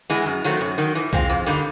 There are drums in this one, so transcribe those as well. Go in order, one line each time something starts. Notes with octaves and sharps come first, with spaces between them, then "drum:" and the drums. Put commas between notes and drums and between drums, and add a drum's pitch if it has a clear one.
E3 G#3 B3
F#2
D#3 F#3 A3 C4
F#2
D#3 F#3
E3
G#3 C4 F4, drum: kick C2
F2
D3 G3 A#3 D#4